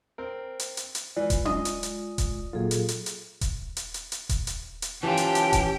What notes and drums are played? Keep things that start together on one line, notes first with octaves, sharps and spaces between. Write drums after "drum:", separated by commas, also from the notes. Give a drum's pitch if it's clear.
C4 A#4
drum: hi-hat
drum: hi-hat
drum: hi-hat
E3 G#3 F4 D5
drum: kick D#1, hi-hat
D#5, drum: tom C#4
drum: hi-hat
drum: hi-hat
drum: kick D#1, hi-hat
A#2 F#3 F4 G#4 A4
drum: hi-hat
drum: hi-hat
drum: hi-hat
drum: kick D#1, hi-hat
drum: hi-hat
drum: hi-hat
drum: hi-hat
drum: kick D#1, hi-hat
drum: hi-hat
drum: hi-hat
E3 C#4 F4 G4 G5 A5
drum: hi-hat
drum: hi-hat
drum: kick D#1, hi-hat